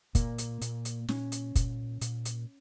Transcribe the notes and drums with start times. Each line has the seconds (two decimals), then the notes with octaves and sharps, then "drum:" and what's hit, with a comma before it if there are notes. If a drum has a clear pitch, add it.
0.15 A#2 A#3, drum: kick, hi-hat
0.38 drum: hi-hat
0.61 A#2, drum: hi-hat
0.85 drum: hi-hat
1.08 A#2 C#4, drum: snare
1.32 drum: hi-hat
1.55 A#2, drum: kick, hi-hat
2.01 A#2, drum: hi-hat
2.25 drum: hi-hat